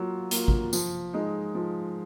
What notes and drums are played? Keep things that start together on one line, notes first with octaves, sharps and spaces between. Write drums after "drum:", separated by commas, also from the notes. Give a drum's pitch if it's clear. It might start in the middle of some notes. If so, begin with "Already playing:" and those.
Already playing: F#3 A#3 F4
A#3 F4, drum: hi-hat
drum: kick
F3, drum: tambourine
G#3 D#4
F3